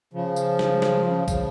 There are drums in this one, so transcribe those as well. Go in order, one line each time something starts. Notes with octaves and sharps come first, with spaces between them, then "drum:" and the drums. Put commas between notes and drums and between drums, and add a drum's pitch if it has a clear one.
C#3 F3
drum: tambourine
drum: snare
drum: snare
C#3 F3
C#3 F3, drum: kick, tambourine